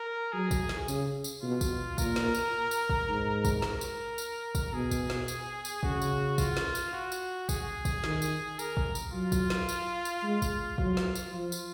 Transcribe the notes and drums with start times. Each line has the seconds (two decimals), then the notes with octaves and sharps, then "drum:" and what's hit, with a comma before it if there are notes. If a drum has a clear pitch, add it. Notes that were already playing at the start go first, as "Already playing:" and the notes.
Already playing: A#4
0.33 F#3 G#4
0.51 drum: kick, tambourine
0.69 drum: snare
0.88 C#3, drum: tambourine
1.24 drum: tambourine
1.43 B2 F4
1.61 drum: kick, tambourine
1.98 A#2 A#4, drum: kick, tambourine
2.16 drum: snare
2.34 drum: tambourine
2.71 drum: tambourine
2.90 drum: kick
3.08 G#2
3.45 drum: kick, tambourine
3.62 A#4, drum: snare
3.81 drum: tambourine
4.18 drum: tambourine
4.55 drum: kick, tambourine
4.73 B2 G#4
4.91 drum: kick, tambourine
5.10 drum: snare
5.28 drum: tambourine
5.65 drum: tambourine
5.83 C#3 F#4, drum: kick
6.02 drum: tambourine
6.38 F4, drum: kick, tambourine
6.57 drum: snare
6.75 drum: tambourine
6.93 F#4
7.12 drum: tambourine
7.49 G#4, drum: kick, tambourine
7.85 drum: kick, tambourine
8.04 D#3, drum: snare
8.22 drum: tambourine
8.59 A#4, drum: tambourine
8.77 drum: kick
8.95 drum: tambourine
9.13 F#3 F4
9.32 drum: kick, tambourine
9.50 drum: snare
9.69 drum: tambourine
10.05 drum: tambourine
10.23 G#3
10.42 drum: kick, tambourine
10.78 F#3 F4, drum: kick
10.97 drum: snare
11.15 drum: tambourine
11.34 F3 F4
11.52 drum: tambourine